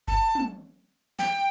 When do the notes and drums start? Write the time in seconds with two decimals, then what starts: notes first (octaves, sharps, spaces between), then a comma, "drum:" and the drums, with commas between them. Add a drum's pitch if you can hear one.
0.08 A5, drum: kick F#1
0.35 drum: tom
1.19 G5, drum: snare